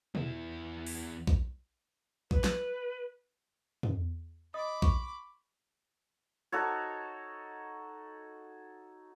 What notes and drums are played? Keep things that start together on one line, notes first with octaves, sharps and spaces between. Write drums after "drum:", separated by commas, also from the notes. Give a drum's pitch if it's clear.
E2 E4, drum: tom
drum: open hi-hat
drum: kick A#1
B4, drum: kick A#1
drum: snare
drum: tom
D#5 B5 D6 D#6
C#6, drum: kick A#1
D#4 F#4 A4 C#5